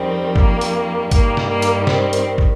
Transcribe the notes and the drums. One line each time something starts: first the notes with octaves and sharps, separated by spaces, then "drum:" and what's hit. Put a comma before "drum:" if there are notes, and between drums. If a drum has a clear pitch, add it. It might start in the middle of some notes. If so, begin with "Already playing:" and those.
Already playing: F2 D#3 G3 C4
A#3, drum: kick
drum: open hi-hat
G2 D#3 G3 A#3, drum: kick, hi-hat
drum: snare
A#3
drum: hi-hat
C4, drum: snare
drum: hi-hat
drum: kick